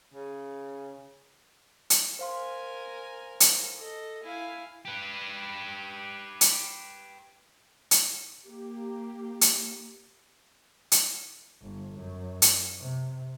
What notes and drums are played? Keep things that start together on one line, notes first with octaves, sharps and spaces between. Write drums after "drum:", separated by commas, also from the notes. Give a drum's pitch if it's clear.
C#3
drum: hi-hat
A#4 C5 F5 G#5 C6
drum: hi-hat
A4 D#5
E4 F5 G#5
G4 B4
drum: hi-hat
drum: hi-hat
A#3 G4
drum: hi-hat
drum: hi-hat
G1
F#2
drum: hi-hat
C3